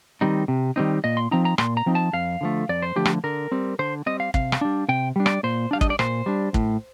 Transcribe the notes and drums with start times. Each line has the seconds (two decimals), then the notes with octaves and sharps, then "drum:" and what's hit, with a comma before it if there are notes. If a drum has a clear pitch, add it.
0.21 D#3 G3 C4 D#4
0.48 C3
0.76 D#3 G3 C4 D#4
1.04 A#2 D#5
1.17 C6
1.31 F3 C4 D#4 A#5
1.45 A#5
1.58 A#2 C6, drum: rim click
1.77 A#5
1.86 F3 C4 D#4
1.95 A5
2.13 F2 F5
2.41 D3 F3 A3
2.69 F2 D5
2.82 C5
2.96 D3 F3 A3 G4
3.05 drum: rim click
3.24 D3 A#4
3.52 G3 C4
3.79 D3 C5
4.06 G3 C4 D#5
4.20 F5
4.34 C3 F5, drum: kick
4.52 drum: rim click
4.61 G3 D4
4.89 C3 G5
5.16 G3 D4
5.26 D5, drum: rim click
5.43 A#2 C5
5.71 G3 D4 F5
5.81 D#5, drum: kick
5.90 D5
5.99 A#2 C5, drum: rim click
6.26 G3 D4
6.54 A2, drum: kick